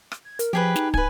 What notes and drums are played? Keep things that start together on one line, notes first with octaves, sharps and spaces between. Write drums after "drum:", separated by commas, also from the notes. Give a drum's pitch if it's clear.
drum: rim click
G#6
A#4, drum: hi-hat
F3 G4 G#4 B4
D#4, drum: snare
B4 G#5, drum: kick